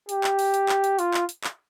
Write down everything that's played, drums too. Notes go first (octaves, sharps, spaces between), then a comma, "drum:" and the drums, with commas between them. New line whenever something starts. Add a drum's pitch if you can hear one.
G4, drum: hi-hat
drum: clap
drum: open hi-hat
drum: hi-hat
drum: clap
drum: hi-hat
F4, drum: hi-hat
drum: clap
drum: hi-hat
drum: clap